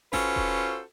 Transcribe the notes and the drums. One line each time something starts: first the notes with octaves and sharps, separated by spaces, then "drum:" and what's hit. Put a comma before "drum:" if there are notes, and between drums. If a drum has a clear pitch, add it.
C#4 F4 F#4 A4 B4 C5, drum: snare G#1
drum: kick E1